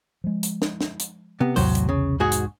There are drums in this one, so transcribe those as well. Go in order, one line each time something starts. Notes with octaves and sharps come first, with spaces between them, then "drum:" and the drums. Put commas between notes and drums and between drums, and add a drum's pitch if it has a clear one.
F3 G#3
drum: hi-hat
drum: snare
drum: snare
drum: hi-hat
C3 B3
B1 E2 A2 C3 F#3 C5, drum: open hi-hat
drum: hi-hat
C#3
G#2 F#4 G#4
drum: hi-hat